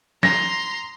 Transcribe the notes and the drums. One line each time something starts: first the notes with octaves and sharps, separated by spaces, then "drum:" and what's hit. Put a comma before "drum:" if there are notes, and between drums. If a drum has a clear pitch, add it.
A#5 C6 A#6, drum: snare